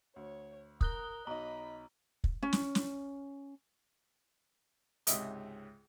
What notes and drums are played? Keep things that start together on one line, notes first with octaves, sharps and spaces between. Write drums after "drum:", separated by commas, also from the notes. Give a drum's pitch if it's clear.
D2 C#5
A#4 D#6 F#6 G7, drum: kick
B1 D#4 D#5 A#5 B5
drum: kick
C#4
drum: snare
drum: snare
C#2 G#2 C3 D#5 E5 D#6, drum: hi-hat